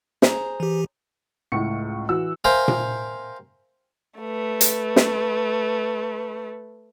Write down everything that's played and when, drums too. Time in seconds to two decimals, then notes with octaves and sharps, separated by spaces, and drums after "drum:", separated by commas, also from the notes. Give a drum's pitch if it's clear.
0.22 G#4 C5 A#5, drum: snare
0.60 E3 G4
1.52 C#2 A2 F#5 C#6 C#7
2.09 E3 F#4 E6
2.44 A#4 C5 E5 F5 G5 G#5
2.68 drum: tom A#2
4.20 A3 B4
4.61 drum: hi-hat
4.96 drum: snare